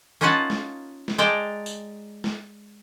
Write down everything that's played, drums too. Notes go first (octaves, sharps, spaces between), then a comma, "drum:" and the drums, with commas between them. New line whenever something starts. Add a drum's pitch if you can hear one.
A#3 C#4 D#4 F4 F#5 A5
drum: snare G#3
drum: snare G#3
G#3 D5 G5 A5 A#5
drum: tambourine
drum: snare G#3